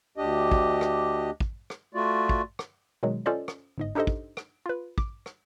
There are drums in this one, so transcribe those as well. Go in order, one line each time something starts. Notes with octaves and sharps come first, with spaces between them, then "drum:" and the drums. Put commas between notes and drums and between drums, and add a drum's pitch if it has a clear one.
D2 D4 G4 D#5
drum: kick
drum: rim click
drum: kick
drum: rim click
A3 F4 F#4 D5
drum: kick
drum: rim click
B2 D#3 F#3 G#3
C#4 F4 A4 C5 D5 D#5
drum: rim click
G1 G#2 D#5
D4 D#4 G4 A4 C5 D#5
drum: kick
drum: rim click
F4 B4
D6, drum: kick
drum: rim click